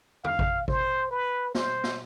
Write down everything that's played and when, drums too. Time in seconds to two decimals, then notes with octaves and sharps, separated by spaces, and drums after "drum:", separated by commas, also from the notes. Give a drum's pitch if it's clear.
0.24 F5, drum: tom E2
0.39 drum: kick G#1
0.68 C5, drum: kick G#1
1.11 B4
1.55 C5, drum: snare
1.84 drum: snare